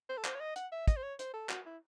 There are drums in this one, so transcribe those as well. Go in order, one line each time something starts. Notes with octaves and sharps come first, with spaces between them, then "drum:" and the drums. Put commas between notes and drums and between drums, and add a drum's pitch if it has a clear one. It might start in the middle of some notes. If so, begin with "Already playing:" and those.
C5
A4
C5, drum: clap
C#5
D#5
F#5, drum: hi-hat
E5
D#5, drum: kick, hi-hat
C5
C#5
C5, drum: hi-hat
A4
F#4, drum: clap
E4